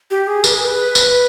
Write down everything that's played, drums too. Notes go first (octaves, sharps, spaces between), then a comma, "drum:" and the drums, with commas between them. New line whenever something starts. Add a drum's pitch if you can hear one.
G4
G#4
B4, drum: tambourine
G#4
B4
drum: tambourine